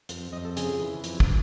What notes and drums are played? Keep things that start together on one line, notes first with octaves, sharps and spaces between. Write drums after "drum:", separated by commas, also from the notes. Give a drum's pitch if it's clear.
F2, drum: hi-hat
F2 D#5
A4
C#3 G#4, drum: hi-hat
E3
F2, drum: hi-hat
drum: kick